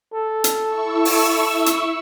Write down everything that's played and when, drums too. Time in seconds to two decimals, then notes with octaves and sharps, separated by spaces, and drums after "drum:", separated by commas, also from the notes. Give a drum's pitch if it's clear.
0.13 A4
0.44 drum: hi-hat
0.66 E4 C#6 E6
1.05 drum: open hi-hat
1.66 drum: hi-hat